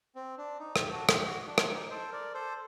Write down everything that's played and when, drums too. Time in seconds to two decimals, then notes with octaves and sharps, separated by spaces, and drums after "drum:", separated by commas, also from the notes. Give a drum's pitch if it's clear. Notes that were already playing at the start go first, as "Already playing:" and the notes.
0.15 C4
0.38 D4
0.59 D#4
0.76 G4, drum: rim click
0.92 F#4 A4
1.09 G4, drum: rim click
1.25 F#4
1.47 D4
1.58 drum: rim click
1.68 D#4
1.90 A4 C5
2.12 A#4 D5
2.34 A4 C5